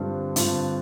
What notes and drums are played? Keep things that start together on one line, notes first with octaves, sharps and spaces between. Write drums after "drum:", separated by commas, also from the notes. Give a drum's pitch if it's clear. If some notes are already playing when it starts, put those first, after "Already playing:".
Already playing: G2 D3 G3 C4 F4
G2 D3 G3 C4 F4, drum: hi-hat